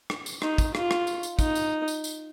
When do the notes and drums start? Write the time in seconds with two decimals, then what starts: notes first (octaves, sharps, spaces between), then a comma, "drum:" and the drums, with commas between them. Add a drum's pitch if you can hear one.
0.10 drum: rim click
0.26 drum: tambourine
0.42 D#4, drum: rim click
0.58 drum: kick, tambourine
0.75 F4, drum: rim click
0.91 drum: rim click
1.07 drum: tambourine
1.23 drum: tambourine
1.39 D#4, drum: kick, tambourine
1.55 drum: tambourine
1.88 drum: tambourine
2.04 drum: tambourine